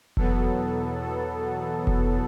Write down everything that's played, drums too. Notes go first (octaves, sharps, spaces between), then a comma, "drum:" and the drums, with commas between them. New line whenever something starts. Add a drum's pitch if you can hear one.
E2 B2 F#3 B3 A4, drum: kick F1
A4
drum: kick F1